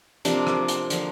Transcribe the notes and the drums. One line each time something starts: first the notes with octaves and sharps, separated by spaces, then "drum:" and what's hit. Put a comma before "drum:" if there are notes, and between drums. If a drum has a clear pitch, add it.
C3 F3 A#3 D4, drum: hi-hat
drum: rim click
drum: hi-hat
D3 F3 A#3, drum: hi-hat